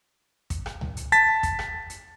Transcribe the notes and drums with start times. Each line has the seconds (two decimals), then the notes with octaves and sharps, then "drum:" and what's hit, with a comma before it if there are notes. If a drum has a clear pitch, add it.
0.50 drum: kick, hi-hat
0.66 drum: rim click
0.81 drum: tom C#2
0.97 drum: hi-hat
1.12 A5 A6 B6
1.43 drum: kick, hi-hat
1.59 drum: rim click
1.90 drum: hi-hat